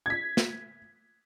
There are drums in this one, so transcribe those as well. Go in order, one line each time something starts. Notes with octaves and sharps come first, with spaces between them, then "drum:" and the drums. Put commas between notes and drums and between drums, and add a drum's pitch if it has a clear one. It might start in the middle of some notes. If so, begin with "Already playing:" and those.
G#6 B6
drum: snare